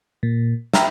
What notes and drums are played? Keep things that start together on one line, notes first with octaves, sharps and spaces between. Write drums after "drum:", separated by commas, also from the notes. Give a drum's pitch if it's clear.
A#2
E5 G5 A#5 B5 F6, drum: snare